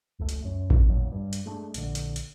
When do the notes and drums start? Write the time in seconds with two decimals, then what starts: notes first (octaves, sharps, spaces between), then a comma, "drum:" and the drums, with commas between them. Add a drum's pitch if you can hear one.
0.19 F1 C#2 A3
0.29 drum: hi-hat
0.44 F#2 C#4
0.70 drum: kick A1
0.86 E1 A#1 F#3
1.12 G2
1.33 drum: hi-hat
1.46 G#3 A3 D4
1.74 A#1 D3, drum: hi-hat
1.95 drum: hi-hat
2.16 drum: hi-hat